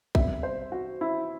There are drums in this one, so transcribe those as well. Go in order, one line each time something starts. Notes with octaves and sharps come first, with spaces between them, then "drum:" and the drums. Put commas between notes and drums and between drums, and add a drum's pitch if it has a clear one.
C3 G3 B3 E5, drum: kick
C5
F#4
E4